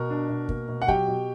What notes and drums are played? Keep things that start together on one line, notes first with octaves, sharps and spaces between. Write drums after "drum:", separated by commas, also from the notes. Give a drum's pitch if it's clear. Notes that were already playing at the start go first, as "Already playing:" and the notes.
Already playing: B2 A#4
D4
B2
A#3, drum: kick
B2
F#5
F#3 G4 G5, drum: kick
B2